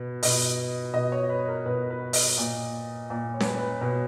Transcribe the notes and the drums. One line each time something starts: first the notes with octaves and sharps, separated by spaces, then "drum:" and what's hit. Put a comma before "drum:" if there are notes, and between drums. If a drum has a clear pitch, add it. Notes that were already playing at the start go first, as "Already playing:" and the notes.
Already playing: B2
B2 D#5, drum: open hi-hat
B2 D#5
C#5
B4
A#4
B2 B4
B4
D#5, drum: open hi-hat
A#2
A#2
C#5
B4, drum: snare C#4
C#5
B4
B2 C#5